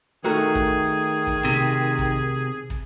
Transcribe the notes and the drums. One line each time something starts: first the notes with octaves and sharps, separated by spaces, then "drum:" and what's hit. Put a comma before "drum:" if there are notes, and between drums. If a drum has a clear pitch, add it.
D#3 A3 F#4 G#4 A#4
drum: kick
drum: kick
C3
drum: kick
drum: kick